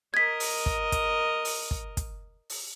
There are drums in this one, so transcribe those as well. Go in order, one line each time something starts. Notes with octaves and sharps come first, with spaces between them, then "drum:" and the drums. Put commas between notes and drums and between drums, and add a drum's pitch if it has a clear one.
A#4 D#5 G#6 B6
drum: open hi-hat
drum: kick
drum: kick, hi-hat
drum: open hi-hat
drum: kick
drum: kick, hi-hat
drum: open hi-hat